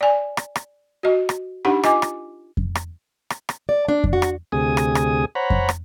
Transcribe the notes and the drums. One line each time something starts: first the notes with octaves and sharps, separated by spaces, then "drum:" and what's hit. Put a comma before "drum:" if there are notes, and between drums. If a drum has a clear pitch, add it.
D5 G#5
drum: rim click
drum: rim click
F#4 D#5
drum: rim click
D4 D#4 G4 F#5 B5
F4 D#5 G#5 D6, drum: rim click
drum: rim click
drum: kick F2
drum: rim click
drum: rim click
drum: rim click
D5
D4
drum: kick F2
F#4
drum: rim click
D2 C3 G#4 G#5 D#6
drum: rim click
drum: rim click
C5 C#5 F#5 A#5 B5
drum: kick F2
drum: rim click